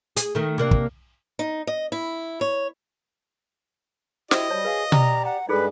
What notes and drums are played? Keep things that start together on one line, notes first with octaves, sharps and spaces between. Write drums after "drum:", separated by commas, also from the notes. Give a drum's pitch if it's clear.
G#4, drum: hi-hat
D#3 A3
C3 A#3 D4
drum: kick
D#4
D#5
E4
C#5
E4 F#4 G4 C5 D#5, drum: snare
G3 C#5 A5
G#4 B4 F5
G4 D5 A#5, drum: tom B2
F#5 A#5
G2 G3 G#3 D#4 G#4 A4 B4